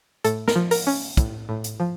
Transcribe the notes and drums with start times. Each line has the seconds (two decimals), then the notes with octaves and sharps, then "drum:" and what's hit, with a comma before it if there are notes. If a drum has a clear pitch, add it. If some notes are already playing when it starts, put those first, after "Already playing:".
0.24 A2 A4, drum: hi-hat
0.48 A#4, drum: snare
0.56 F3
0.71 A#4, drum: open hi-hat
0.87 C#4
1.17 A2, drum: kick, hi-hat
1.49 A2
1.64 drum: hi-hat
1.80 F3